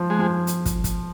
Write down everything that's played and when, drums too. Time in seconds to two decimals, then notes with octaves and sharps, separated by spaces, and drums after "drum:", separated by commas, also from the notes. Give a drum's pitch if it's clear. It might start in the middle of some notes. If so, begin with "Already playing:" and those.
Already playing: F3
0.10 G#3
0.19 F3
0.47 drum: hi-hat
0.65 drum: kick, hi-hat
0.84 drum: kick, hi-hat